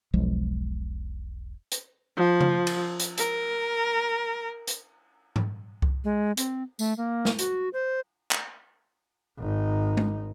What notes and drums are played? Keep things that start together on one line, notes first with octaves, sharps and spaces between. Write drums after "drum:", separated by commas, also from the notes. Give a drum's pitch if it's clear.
E1 B1 F3 G#3
drum: hi-hat
F3
drum: tom C#3
drum: cymbal
drum: hi-hat
A#4, drum: hi-hat
drum: hi-hat
drum: tom G#2
drum: kick C2
G#3
C4, drum: hi-hat
A3, drum: tambourine
A#3
drum: snare
F#4, drum: hi-hat
C5
drum: clap
G#1 D#4
drum: tom G#3